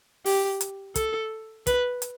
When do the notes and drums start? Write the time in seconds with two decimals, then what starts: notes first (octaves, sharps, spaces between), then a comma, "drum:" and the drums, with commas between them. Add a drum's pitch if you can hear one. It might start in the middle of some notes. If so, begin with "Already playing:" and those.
0.26 G4, drum: open hi-hat
0.61 drum: hi-hat
0.95 A4, drum: kick, hi-hat
1.67 B4, drum: kick, hi-hat
2.02 drum: hi-hat